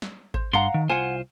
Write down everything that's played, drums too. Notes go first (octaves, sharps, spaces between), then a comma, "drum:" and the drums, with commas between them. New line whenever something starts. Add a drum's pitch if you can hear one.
drum: snare
C5, drum: kick G#1
G2 F5 F#5 A#5 C6
D#3
C2 F4 C5 F#5 G#5